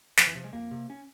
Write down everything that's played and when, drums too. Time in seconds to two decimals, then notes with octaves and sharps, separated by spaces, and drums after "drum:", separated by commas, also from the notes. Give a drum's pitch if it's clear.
0.17 F2 F3, drum: snare
0.27 E3
0.35 C3 F3
0.44 G#3
0.53 F2 A#3
0.71 C3
0.90 C#4